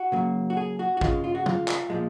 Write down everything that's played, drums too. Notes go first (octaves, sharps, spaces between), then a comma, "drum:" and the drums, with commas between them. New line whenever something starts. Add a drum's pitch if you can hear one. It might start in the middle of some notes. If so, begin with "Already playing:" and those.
Already playing: F#4
C#3 F#3 A#3
F#4
G#4
F#4
F#4
C#3 G#3 F4, drum: kick
F4
F#4
F4, drum: tom
drum: clap
A#2 F3 G#3